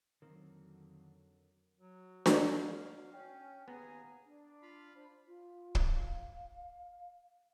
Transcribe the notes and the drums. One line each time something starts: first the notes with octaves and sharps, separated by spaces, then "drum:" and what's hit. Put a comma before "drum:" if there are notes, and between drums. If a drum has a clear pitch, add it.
F2 D3 D#3 F#3 A#3 C4 A#4
F#3 F#4
drum: snare D4
F5
C#4 G5
D#2 B3 G#4 B4 G#5 A#5
D4
F4 F5 B5
D4 C5 B5
F4
drum: kick
F5